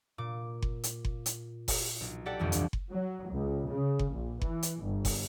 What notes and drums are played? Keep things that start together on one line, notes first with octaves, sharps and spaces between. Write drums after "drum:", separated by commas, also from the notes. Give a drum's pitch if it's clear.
A#2 D6
drum: kick F#1
drum: hi-hat
drum: kick F#1
drum: hi-hat
drum: kick F#1, open hi-hat
B1
G4 A4 D5 F#5 G5
G1 C2 F2 E3 F3
drum: hi-hat
drum: kick F#1
F#3
C#2
C#3
drum: kick F#1
A#1
E3, drum: kick F#1
drum: hi-hat
G1
drum: kick F#1, open hi-hat